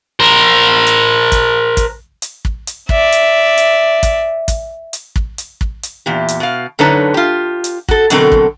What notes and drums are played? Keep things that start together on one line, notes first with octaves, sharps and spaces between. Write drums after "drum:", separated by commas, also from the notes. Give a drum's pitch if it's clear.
A#4 C5
drum: hi-hat
drum: kick, hi-hat
drum: kick, hi-hat
drum: hi-hat
drum: kick
drum: hi-hat
D5 E5, drum: kick
drum: hi-hat
drum: hi-hat
drum: kick, hi-hat
drum: kick, hi-hat
drum: hi-hat
drum: kick
drum: hi-hat
drum: kick
drum: hi-hat
E2 A#2 G4
drum: hi-hat
B2 F5
F#2 D3 D#4 B4 C#5 A5
F4 G4
drum: hi-hat
F#4 A4, drum: kick
B2 D3 F#3 C4 A4 A#4, drum: hi-hat
drum: kick